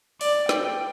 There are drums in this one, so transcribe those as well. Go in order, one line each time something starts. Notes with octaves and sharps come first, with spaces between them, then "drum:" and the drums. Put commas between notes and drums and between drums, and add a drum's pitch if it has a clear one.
D5, drum: open hi-hat
G5, drum: snare